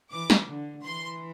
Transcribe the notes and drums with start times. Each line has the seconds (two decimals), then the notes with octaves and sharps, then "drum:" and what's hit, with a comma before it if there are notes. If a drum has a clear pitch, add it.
0.11 E3 D6
0.30 drum: snare
0.48 D3
0.84 E3 C6